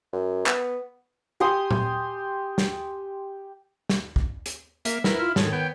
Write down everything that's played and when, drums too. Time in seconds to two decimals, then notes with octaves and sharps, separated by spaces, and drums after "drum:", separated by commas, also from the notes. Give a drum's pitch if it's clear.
0.13 F#2
0.46 B3, drum: clap
1.40 G4 G#5 C6 D#6
1.71 drum: tom A#2
2.58 drum: snare
3.89 drum: snare
4.16 drum: kick
4.46 drum: hi-hat
4.85 A#3 E5, drum: hi-hat
5.04 E4 A#4 B4, drum: snare
5.19 F4 F6
5.36 G#2 D#3 A4 C#5, drum: snare
5.52 B3 G5